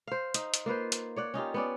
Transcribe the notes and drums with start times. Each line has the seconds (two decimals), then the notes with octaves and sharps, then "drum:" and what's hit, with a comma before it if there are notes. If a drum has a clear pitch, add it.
0.07 C5 F5
0.34 D#4, drum: hi-hat
0.54 drum: hi-hat
0.66 A#3 F4 B4 C5
0.92 drum: hi-hat
1.16 C#5 D5 F#5
1.34 C#4 D#4 F4 G4
1.54 B3 C#4 D5